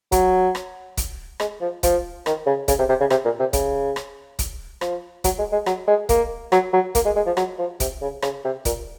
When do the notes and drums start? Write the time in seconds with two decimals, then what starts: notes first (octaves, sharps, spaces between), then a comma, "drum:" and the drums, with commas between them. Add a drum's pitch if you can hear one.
0.12 F#3, drum: kick, hi-hat
0.55 drum: rim click
0.97 drum: kick, hi-hat
1.40 G#3, drum: rim click
1.61 F3
1.83 F3, drum: kick, hi-hat
2.26 D#3, drum: rim click
2.46 C#3
2.68 C#3, drum: kick, hi-hat
2.79 C3
2.89 C3
3.00 C#3
3.10 C3, drum: rim click
3.25 A#2
3.39 C3
3.53 C#3, drum: kick, hi-hat
3.96 drum: rim click
4.39 drum: kick, hi-hat
4.81 F3, drum: rim click
5.24 F#3, drum: kick, hi-hat
5.38 G#3
5.52 G#3
5.66 F#3, drum: rim click
5.88 G#3
6.09 A#3, drum: kick, hi-hat
6.52 F#3, drum: rim click
6.73 F#3
6.95 A#3, drum: kick, hi-hat
7.05 G#3
7.16 G#3
7.26 F3
7.37 F#3, drum: rim click
7.59 F3
7.80 C3, drum: kick, hi-hat
8.02 C#3
8.22 C#3, drum: rim click
8.45 C3
8.65 A#2, drum: kick, hi-hat